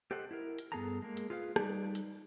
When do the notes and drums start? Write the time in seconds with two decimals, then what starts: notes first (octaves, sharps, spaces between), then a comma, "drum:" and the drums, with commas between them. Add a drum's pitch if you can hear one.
0.11 G4 A4 C5 D#5 F#5
0.31 E4 A#4
0.59 drum: hi-hat
0.72 G2 B3 G#4 A4 A5 A#5
1.02 G#3 A#3
1.17 drum: hi-hat
1.30 F4 G#4 B4 E5 F5
1.56 G3 D#4 B4 D5, drum: rim click
1.95 drum: hi-hat